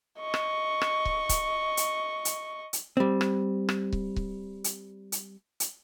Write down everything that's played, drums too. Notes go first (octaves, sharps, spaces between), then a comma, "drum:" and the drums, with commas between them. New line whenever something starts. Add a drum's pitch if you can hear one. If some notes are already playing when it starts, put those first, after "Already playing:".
D#5 C#6
drum: rim click
drum: rim click
drum: kick C#1
drum: kick C#1, hi-hat
drum: hi-hat
drum: hi-hat
drum: hi-hat
G3 C4
drum: rim click
drum: rim click
drum: kick C#1
drum: kick C#1
drum: hi-hat
drum: hi-hat
drum: hi-hat